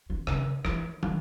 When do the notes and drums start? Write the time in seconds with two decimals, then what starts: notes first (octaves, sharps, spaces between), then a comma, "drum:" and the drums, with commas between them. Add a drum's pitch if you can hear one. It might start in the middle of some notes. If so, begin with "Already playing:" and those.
0.10 D3
0.27 C#3, drum: rim click
0.65 E3, drum: rim click
1.03 F#3, drum: tom